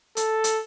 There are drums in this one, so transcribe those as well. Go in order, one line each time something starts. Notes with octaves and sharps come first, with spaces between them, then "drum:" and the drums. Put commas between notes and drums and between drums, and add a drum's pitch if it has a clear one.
A4, drum: hi-hat
drum: hi-hat